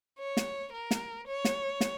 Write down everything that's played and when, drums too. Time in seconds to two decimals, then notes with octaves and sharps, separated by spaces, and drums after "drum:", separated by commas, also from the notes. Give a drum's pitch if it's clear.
0.19 C#5
0.37 drum: snare
0.72 A#4
0.91 drum: snare
1.27 C#5
1.45 drum: snare
1.81 drum: snare